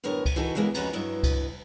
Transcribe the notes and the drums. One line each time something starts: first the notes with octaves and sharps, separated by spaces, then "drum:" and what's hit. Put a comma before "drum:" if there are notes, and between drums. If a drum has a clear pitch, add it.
F#2 A2 D3 B3 A#4 C#5
drum: kick C#2, cymbal
E3 D#4 F#4 A4
C#3 E3 G#3 A#3 B3
F2 C#4 F#4 B4 A#5, drum: cymbal
G2 F#3 E4 D#5
drum: kick C#2, cymbal